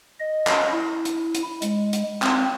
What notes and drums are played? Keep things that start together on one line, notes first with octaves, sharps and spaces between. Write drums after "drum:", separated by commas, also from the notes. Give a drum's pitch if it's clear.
D#5
drum: clap
E4
drum: hi-hat
drum: hi-hat
G#3, drum: hi-hat
drum: hi-hat
C4, drum: clap